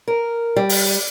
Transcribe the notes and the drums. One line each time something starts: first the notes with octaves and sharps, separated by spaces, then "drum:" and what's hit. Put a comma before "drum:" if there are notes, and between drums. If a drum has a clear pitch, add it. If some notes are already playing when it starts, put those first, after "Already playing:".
A#4
G3
drum: open hi-hat